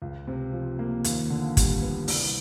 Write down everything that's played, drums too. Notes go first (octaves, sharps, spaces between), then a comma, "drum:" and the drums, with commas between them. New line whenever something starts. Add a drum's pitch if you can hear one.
C#2
C3
F3
A#3
D#2, drum: hi-hat
D3
G3, drum: kick, hi-hat
B3
C2, drum: open hi-hat